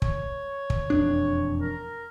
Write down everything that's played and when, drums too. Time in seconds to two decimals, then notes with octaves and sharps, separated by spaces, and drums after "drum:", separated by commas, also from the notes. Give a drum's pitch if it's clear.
0.02 C#5, drum: kick
0.70 drum: kick
0.90 E1 F2 D4
1.61 A#4